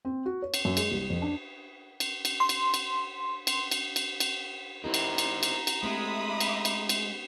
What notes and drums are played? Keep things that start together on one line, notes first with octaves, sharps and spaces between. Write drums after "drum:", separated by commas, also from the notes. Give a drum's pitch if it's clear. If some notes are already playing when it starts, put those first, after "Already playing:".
C4
F#4
C#5
drum: cymbal
F#2
G#3, drum: cymbal
C2
F2
D4
drum: cymbal
drum: cymbal
C6
drum: cymbal
drum: cymbal
drum: cymbal
drum: cymbal
drum: cymbal
drum: cymbal
C4 D#4 E4 G4 A#4 A#5
drum: cymbal
drum: cymbal
drum: cymbal
drum: cymbal
G#3 A3 C4 G4 E5 B5 D#6
drum: cymbal
drum: cymbal
drum: cymbal